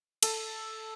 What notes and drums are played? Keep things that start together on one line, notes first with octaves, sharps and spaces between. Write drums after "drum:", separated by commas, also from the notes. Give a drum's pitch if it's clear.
A4, drum: cymbal